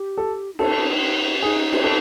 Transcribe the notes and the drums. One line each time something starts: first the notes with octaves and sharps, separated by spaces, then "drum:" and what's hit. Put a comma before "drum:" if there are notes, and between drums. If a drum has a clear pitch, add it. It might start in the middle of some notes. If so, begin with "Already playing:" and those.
Already playing: G4
A4
E4
D#4 A4, drum: cymbal
D#4 G#4
drum: cymbal
A4